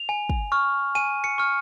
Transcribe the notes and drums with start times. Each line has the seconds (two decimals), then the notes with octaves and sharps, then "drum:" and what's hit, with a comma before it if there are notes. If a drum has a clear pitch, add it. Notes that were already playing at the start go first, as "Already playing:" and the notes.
Already playing: F7
0.09 G#5
0.30 drum: kick
0.52 C#6 F6
0.95 G#5 D#7
1.24 C#7
1.38 C#6 F6